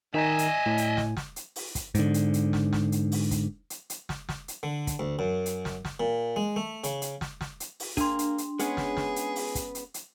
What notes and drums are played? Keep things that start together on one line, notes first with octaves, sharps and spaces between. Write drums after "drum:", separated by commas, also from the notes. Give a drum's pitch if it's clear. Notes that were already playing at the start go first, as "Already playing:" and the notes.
D#3 D#4 D#5 E5 G#5
drum: hi-hat
A2
drum: hi-hat
drum: snare
drum: snare
drum: hi-hat
drum: open hi-hat
drum: kick, hi-hat
G#2 D3, drum: hi-hat
drum: hi-hat
drum: hi-hat
drum: snare
drum: snare
drum: hi-hat
drum: open hi-hat
drum: kick, hi-hat
drum: hi-hat
drum: hi-hat
drum: snare
drum: snare
drum: hi-hat
D3
drum: kick, hi-hat
D2
F#2
drum: hi-hat
drum: snare
drum: snare
A#2
G#3
A3
C#3, drum: hi-hat
drum: hi-hat
drum: snare
drum: snare
drum: hi-hat
drum: open hi-hat
A#3 D4 G#4 C6, drum: kick, hi-hat
drum: hi-hat
drum: hi-hat
G#3 B3 C#4 G#4, drum: hi-hat
drum: snare
drum: snare
drum: hi-hat
drum: open hi-hat
drum: kick, hi-hat
drum: hi-hat
drum: hi-hat